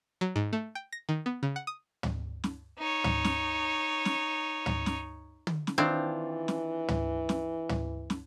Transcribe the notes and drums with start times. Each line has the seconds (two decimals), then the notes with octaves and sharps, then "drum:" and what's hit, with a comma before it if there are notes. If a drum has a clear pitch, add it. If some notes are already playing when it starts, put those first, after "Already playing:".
0.21 F#3
0.36 G#2
0.53 A3
0.75 G5
0.93 A#6
1.09 D#3
1.26 B3
1.43 C#3
1.56 F#5
1.67 D#6
2.03 drum: tom
2.44 drum: snare
2.78 D#4 C#5
3.04 drum: tom
3.24 drum: snare
4.05 drum: snare
4.66 drum: tom
4.86 drum: snare
5.47 drum: tom
5.67 drum: snare
5.78 D#3 E3 C4 D4 F4
6.48 drum: snare
6.88 drum: tom
7.29 drum: snare
7.69 drum: tom
8.10 drum: snare